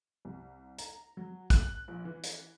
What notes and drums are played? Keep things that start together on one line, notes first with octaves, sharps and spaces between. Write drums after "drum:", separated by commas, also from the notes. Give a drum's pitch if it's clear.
C2
A#5, drum: hi-hat
F#3
F#6, drum: kick, hi-hat
A#1
E3
drum: hi-hat